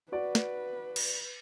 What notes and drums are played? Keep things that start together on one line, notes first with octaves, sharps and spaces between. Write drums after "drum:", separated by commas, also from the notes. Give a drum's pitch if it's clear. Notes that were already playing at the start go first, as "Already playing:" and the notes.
F#4 B4 D5
drum: snare
drum: cymbal